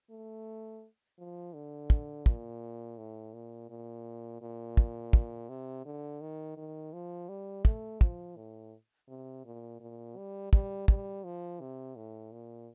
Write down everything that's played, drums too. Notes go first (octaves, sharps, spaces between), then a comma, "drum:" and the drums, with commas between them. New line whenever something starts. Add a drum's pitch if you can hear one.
A3
F3
D3
drum: kick
A#2, drum: kick
A2
A#2
A#2
A#2
drum: kick
drum: kick
C3
D3
D#3
D#3
F3
G3
A3, drum: kick
F3, drum: kick
A2
C3
A#2
A#2
G3
G3, drum: kick
G3, drum: kick
F3
C3
A2
A#2